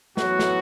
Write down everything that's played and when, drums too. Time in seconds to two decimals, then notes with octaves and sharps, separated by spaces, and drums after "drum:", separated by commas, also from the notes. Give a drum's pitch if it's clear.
0.17 A2 E3 F#3 B3 F#4, drum: snare
0.39 drum: snare